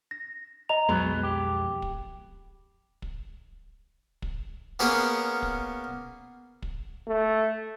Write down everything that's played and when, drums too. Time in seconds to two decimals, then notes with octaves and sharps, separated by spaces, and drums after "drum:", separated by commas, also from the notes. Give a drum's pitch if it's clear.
0.11 A#6
0.69 D#5 A#5 F7
0.89 B1 F2 F#3 G#3 B3 B5
1.23 G4
1.82 drum: kick
3.02 drum: kick
4.22 drum: kick
4.79 A#3 B3 C#4 G#4 A#4 F5
5.42 drum: kick
6.62 drum: kick
7.07 A3